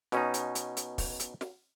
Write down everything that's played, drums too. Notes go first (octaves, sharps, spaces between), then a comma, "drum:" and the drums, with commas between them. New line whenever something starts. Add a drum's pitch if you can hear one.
B2 C#4 D#4, drum: snare
drum: hi-hat
drum: hi-hat
drum: hi-hat
drum: kick, open hi-hat
drum: hi-hat
drum: snare